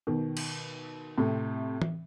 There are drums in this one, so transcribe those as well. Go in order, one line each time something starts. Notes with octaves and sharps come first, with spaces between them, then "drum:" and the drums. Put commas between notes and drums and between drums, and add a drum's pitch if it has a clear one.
B2 D#3
drum: cymbal
A2 C3
drum: tom E3